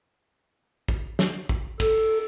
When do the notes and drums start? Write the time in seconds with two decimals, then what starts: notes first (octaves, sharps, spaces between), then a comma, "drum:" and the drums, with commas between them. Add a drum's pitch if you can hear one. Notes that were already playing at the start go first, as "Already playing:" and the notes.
0.88 drum: kick
1.19 drum: snare
1.49 drum: kick
1.80 A4, drum: kick, cymbal